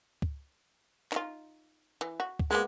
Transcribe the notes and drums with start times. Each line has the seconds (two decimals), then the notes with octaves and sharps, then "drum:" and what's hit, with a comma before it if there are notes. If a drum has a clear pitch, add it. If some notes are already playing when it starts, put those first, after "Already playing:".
0.22 drum: kick C#2
1.12 D#4 F4, drum: clap
2.01 E3, drum: hi-hat
2.20 F#4
2.39 drum: kick C#2
2.51 G#3 A#3 B3 F#4